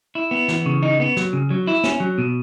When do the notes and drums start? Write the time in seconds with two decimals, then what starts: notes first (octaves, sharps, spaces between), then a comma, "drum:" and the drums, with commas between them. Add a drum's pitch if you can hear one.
0.15 E4
0.31 B3
0.48 E3, drum: snare
0.66 C#3
0.83 D#4
1.00 B3
1.17 F#3, drum: snare
1.33 C#3
1.51 F#3
1.67 E4
1.84 C#4, drum: snare
2.00 F#3
2.18 B2